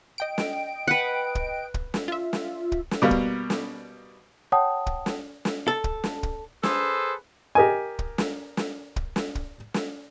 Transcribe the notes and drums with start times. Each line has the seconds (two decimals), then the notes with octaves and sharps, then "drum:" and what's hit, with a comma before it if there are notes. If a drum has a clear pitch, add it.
0.18 D#5 G5 D7
0.38 drum: snare
0.88 B4 F#5
1.35 drum: kick
1.74 drum: kick
1.94 drum: snare
2.08 F4 E5
2.33 drum: snare
2.72 drum: kick
2.91 drum: snare
3.02 B2 G3 A#3
3.11 drum: kick
3.50 drum: snare
4.52 C#5 F#5 G5 A5 D#6
4.86 drum: kick
5.06 drum: snare
5.45 drum: snare
5.68 A4
5.84 drum: kick
6.04 drum: snare
6.23 drum: kick
6.63 G#4 A4 B4 C5, drum: snare
7.55 G4 A#4 D#5 G#5
7.99 drum: kick
8.18 drum: snare
8.57 drum: snare
8.96 drum: kick
9.16 drum: snare
9.35 drum: kick
9.74 drum: snare